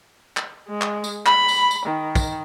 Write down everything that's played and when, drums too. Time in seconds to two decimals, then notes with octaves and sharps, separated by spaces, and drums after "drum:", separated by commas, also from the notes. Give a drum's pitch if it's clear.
0.37 drum: clap
0.68 G#3
0.81 drum: clap
1.04 drum: tambourine
1.26 B5, drum: clap
1.48 drum: tambourine
1.71 drum: tambourine
1.86 D#3
2.15 drum: kick, tambourine